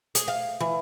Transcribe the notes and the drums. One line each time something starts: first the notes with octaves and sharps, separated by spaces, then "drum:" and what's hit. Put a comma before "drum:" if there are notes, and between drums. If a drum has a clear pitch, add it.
G#4, drum: hi-hat
F5
E3